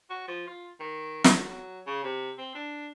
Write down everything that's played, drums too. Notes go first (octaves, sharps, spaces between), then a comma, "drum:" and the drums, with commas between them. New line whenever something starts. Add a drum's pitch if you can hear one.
F#4
F3
F4
D#3
A2, drum: snare
F#3
C#3
C3
C4
D4